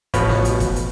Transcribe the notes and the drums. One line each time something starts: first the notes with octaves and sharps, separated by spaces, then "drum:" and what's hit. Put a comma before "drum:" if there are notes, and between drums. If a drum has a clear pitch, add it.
A1 B2 F3 B4 C#5, drum: kick F#1, hi-hat
drum: snare
drum: hi-hat
drum: kick F#1, hi-hat
drum: hi-hat